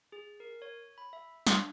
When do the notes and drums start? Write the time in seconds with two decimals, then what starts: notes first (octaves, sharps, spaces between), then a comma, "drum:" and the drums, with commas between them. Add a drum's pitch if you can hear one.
0.12 G#4
0.40 A#4
0.62 C#5
0.98 B5
1.13 E5
1.47 D4, drum: snare